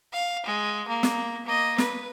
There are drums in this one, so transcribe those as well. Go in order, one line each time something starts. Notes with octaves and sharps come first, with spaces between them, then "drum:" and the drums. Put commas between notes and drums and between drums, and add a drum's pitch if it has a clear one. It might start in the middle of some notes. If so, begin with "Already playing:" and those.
F5
G#3
A#3
drum: snare
A#3 D#5
B4, drum: snare